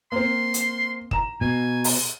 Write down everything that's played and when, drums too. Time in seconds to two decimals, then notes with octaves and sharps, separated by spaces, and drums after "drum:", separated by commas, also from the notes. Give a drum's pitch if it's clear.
0.12 A#3 C4 C6
0.54 drum: hi-hat
1.11 A#5 E7, drum: kick
1.41 B2 G#5
1.84 drum: open hi-hat